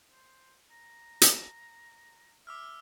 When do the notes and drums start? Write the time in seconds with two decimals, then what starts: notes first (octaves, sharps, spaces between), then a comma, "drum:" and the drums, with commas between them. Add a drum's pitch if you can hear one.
0.11 C5
0.71 A#5
1.21 drum: hi-hat
2.47 E5 D6 E6 F6